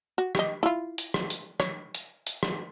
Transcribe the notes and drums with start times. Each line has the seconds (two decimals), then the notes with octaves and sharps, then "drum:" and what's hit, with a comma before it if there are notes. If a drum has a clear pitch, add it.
0.18 F#4
0.35 G4 D#5, drum: rim click
0.63 E4 F4
0.98 drum: hi-hat
1.14 drum: rim click
1.30 drum: hi-hat
1.60 C#5, drum: rim click
1.95 drum: hi-hat
2.27 drum: hi-hat
2.43 drum: rim click